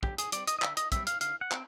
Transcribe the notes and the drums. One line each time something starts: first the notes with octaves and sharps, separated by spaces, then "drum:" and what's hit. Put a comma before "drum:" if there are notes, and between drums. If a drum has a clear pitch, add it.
D3 G4, drum: kick
G#4, drum: hi-hat
G3 C4 D5, drum: hi-hat
D#5, drum: hi-hat
D#5
D3 E5, drum: clap
D#5, drum: hi-hat
G3 C4 E5, drum: kick, hi-hat
F5, drum: hi-hat
D3 F5, drum: hi-hat
F#5
C4, drum: clap